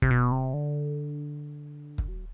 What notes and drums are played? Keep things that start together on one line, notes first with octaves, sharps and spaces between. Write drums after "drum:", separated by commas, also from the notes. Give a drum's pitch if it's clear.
C3, drum: kick
B2
C3
D3
drum: kick
F#3